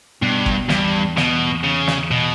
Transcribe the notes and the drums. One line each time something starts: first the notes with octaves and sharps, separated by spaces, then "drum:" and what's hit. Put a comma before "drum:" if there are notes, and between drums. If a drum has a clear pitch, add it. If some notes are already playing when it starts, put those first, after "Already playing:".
G2 B2
drum: kick
E2 G2, drum: snare
B2, drum: snare
C#3
drum: snare
B2